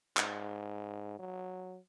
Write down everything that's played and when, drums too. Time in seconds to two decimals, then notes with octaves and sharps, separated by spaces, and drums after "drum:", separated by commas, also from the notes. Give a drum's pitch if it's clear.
0.17 G#2, drum: clap
1.19 F#3